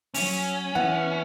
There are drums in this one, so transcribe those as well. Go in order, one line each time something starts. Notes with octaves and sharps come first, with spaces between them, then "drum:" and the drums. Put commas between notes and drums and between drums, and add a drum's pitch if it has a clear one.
F#3 C#4, drum: open hi-hat
E3 B3 F#5